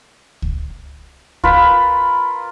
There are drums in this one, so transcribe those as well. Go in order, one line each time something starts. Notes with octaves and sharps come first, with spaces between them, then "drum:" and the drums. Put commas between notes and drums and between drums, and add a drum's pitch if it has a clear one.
drum: kick C#2
F4 A#4 B4 B5, drum: kick C#2